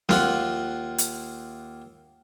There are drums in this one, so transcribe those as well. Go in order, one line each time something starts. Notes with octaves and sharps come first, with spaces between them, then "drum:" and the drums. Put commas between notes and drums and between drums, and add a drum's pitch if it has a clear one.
D#2 F4 F#5, drum: snare
drum: hi-hat